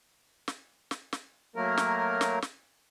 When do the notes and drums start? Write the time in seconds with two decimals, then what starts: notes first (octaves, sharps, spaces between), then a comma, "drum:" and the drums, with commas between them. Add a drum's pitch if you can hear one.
0.48 drum: snare
0.91 drum: snare
1.13 drum: snare
1.56 F#3 A3 A#3 A#4
1.77 drum: snare
2.21 drum: snare
2.42 drum: snare